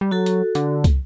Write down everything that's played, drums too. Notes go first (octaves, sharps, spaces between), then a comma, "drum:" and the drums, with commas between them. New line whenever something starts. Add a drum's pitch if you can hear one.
G3
F#3 F#4 A4
drum: hi-hat
D3, drum: hi-hat
drum: kick, hi-hat